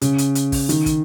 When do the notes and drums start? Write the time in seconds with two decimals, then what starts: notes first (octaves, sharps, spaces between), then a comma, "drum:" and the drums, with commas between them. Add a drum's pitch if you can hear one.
0.01 C#3, drum: hi-hat
0.18 drum: hi-hat
0.35 drum: hi-hat
0.52 drum: kick, open hi-hat
0.69 D#3, drum: hi-hat
0.86 drum: kick, hi-hat